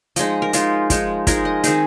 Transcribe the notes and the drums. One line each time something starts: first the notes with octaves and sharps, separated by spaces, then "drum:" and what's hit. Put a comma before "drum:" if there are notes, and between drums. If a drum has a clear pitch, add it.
F3 G#3 D#4 D#5, drum: hi-hat
A#4
F3 G#3 D#4 F4, drum: hi-hat
F3 G#3 D#4, drum: kick, hi-hat
F3 G#3 D#4 A#4, drum: kick, hi-hat
D#5
D#3 C4 D#4 G#4, drum: hi-hat